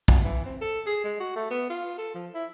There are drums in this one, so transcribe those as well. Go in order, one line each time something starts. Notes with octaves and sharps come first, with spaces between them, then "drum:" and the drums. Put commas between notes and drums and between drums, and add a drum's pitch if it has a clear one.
drum: kick
E3
C4
A4
G#4
G#3
F#4
A3
B3
F4
A4
F3
E4